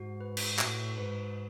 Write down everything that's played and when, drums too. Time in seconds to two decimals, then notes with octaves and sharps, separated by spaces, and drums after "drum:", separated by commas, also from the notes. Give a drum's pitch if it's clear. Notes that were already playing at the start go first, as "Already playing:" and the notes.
Already playing: G#2 F#4
0.21 B4
0.37 drum: cymbal
0.59 A2 F#4, drum: clap
0.97 G#2 B4